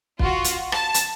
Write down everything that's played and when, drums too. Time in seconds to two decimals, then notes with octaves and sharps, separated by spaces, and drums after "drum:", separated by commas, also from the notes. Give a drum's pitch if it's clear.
0.19 F4 F#4, drum: kick
0.44 drum: hi-hat
0.72 A5, drum: rim click
0.94 drum: hi-hat